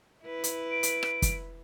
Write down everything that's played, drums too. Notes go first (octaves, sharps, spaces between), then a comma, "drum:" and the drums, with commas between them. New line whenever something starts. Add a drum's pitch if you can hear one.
E4 B4
drum: hi-hat
D7
drum: hi-hat
drum: rim click
drum: kick, hi-hat